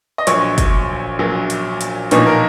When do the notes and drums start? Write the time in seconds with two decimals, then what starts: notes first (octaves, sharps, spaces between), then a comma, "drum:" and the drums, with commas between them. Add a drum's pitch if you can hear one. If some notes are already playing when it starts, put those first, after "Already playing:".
0.18 D#5
0.27 A#1 A#2 F#3 C#5, drum: hi-hat
0.58 drum: kick, hi-hat
1.19 A#1 A#2 F#3
1.50 drum: hi-hat
1.81 drum: hi-hat
2.11 B1 A#2 F3 A#3 D#4 C#5, drum: hi-hat
2.26 A#4